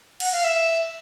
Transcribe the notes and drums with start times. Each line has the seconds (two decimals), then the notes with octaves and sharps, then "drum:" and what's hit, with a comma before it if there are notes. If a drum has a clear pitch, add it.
0.20 F#5, drum: cymbal
0.32 F5
0.44 E5